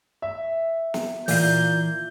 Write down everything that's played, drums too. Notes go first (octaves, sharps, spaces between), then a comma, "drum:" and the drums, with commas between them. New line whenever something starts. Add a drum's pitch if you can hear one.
E5
drum: snare
A#2 E3 F5 G6, drum: open hi-hat